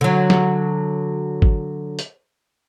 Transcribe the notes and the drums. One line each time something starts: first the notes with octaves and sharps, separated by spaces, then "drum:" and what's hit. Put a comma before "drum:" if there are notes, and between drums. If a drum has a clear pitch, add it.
D3 F#3
drum: snare
drum: kick G#1
drum: hi-hat